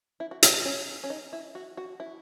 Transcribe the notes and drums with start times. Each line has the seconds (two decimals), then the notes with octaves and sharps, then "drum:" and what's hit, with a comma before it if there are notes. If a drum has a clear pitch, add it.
0.20 E4
0.31 F#4
0.43 E4, drum: hi-hat
0.54 D#4
0.65 C#4
1.04 C#4
1.10 D#4
1.33 E4
1.55 F#4
1.77 F#4
2.00 E4